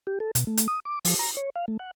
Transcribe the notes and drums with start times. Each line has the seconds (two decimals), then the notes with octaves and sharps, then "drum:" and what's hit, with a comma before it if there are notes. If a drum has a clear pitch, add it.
0.07 G4
0.20 A4
0.35 B2, drum: hi-hat
0.47 A3
0.57 drum: hi-hat
0.68 D#6
0.85 D6
1.05 F3, drum: open hi-hat
1.19 A#5
1.37 C#5
1.56 F5
1.68 A3
1.79 F#5